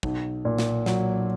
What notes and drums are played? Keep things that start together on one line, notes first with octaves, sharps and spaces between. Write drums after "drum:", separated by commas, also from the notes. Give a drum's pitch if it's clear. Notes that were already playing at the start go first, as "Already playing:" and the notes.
B1, drum: kick
A#2
drum: snare
F#3, drum: snare